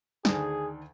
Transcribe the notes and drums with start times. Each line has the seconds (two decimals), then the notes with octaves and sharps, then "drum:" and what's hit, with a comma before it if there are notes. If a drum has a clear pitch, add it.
0.25 D2 D#3 D4 G#4, drum: snare